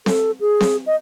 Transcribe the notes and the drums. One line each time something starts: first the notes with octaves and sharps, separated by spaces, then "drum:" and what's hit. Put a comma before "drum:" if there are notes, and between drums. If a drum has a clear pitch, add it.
A4, drum: snare C4
G#4
drum: snare C4
D#5